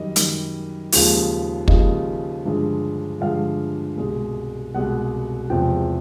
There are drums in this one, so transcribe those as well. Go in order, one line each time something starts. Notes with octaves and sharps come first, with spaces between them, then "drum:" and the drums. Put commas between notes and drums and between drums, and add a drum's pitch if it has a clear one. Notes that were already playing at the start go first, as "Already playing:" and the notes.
Already playing: F#2 D#3 G3 D#5
F#2 D#3 G3, drum: hi-hat
D#2 C#3 F3 G#3, drum: open hi-hat
D#2 C#3 F3 G#3 D#5, drum: kick
G2 D3 F3 G#3
G2 D3 F3 G#3 F5
C2 B2 G#3
C2 B2 G#3 F#5
E2 C3 F3 G#3 G5